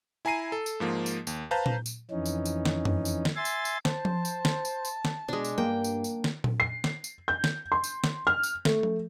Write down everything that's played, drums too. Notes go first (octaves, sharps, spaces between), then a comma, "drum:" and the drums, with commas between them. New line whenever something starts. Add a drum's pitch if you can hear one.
E4 G#5 A#5 C7 D#7
A4
drum: tambourine
G#2 F3 A#3
drum: tambourine
D#2, drum: tambourine
B4 C5 F5 A5 A#5 G6
drum: tom A#2
drum: tambourine
F2 E3 C#4 D#4
drum: tambourine
drum: tambourine
drum: snare
drum: tom F#2
drum: tambourine
drum: snare
E5 G#5 C6 A6
drum: tambourine
drum: tambourine
C5 A5, drum: snare
drum: tom F3
drum: tambourine
drum: snare
drum: tambourine
drum: tambourine
drum: snare
B2 G#3 D4
drum: tambourine
G2 A#3 G5
drum: tambourine
drum: tambourine
drum: snare
drum: tom A#2
C7
drum: snare
drum: tambourine
G6
drum: snare
C6
drum: tambourine
drum: snare
F6
drum: tambourine
A3, drum: snare
drum: tom F3